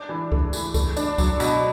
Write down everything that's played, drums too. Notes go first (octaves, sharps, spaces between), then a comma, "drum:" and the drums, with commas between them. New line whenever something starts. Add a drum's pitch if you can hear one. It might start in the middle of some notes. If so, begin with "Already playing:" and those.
Already playing: D4
E3
A3, drum: kick C#2
E3, drum: tambourine
A3, drum: kick C#2, tambourine
D4, drum: tambourine
F#3, drum: kick C#2, tambourine
B2, drum: tambourine